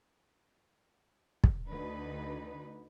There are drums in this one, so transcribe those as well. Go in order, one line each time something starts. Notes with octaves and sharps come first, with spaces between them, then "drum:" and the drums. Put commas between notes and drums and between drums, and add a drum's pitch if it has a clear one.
drum: kick
D2 D3 D#4 B4